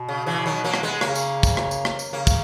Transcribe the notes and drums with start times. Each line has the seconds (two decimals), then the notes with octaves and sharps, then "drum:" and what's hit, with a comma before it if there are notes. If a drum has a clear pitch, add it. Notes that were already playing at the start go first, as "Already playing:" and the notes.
Already playing: B2
0.09 C#3
0.26 C#3 E3
0.46 D#3 F#3
0.64 F#3 A#3
0.74 drum: rim click
0.83 G#3 B3
1.01 C#3 A#3 C#4, drum: rim click
1.15 drum: tambourine
1.43 drum: kick, tambourine
1.57 drum: rim click
1.71 drum: tambourine
1.85 drum: rim click
1.99 drum: tambourine
2.13 C#3 A#3 C#4
2.27 drum: kick, tambourine